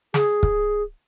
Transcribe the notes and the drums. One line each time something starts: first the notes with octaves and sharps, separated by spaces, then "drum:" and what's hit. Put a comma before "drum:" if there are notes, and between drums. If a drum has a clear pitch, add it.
G#4, drum: snare
drum: kick